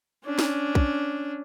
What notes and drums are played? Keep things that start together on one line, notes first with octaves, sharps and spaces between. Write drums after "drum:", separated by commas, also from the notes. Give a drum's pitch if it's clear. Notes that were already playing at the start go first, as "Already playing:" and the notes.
C#4 D4
drum: snare
drum: kick